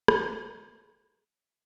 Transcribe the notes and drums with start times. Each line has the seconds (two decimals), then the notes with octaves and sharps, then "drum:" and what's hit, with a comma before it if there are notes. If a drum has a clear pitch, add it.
0.08 A4, drum: rim click
0.29 F4
0.43 D#3
0.67 G2
0.98 G#3
1.20 F#4
1.34 C#5
1.46 E5